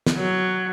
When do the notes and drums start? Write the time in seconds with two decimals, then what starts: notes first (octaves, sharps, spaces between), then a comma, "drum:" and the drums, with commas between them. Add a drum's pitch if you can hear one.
0.07 drum: snare
0.17 F#3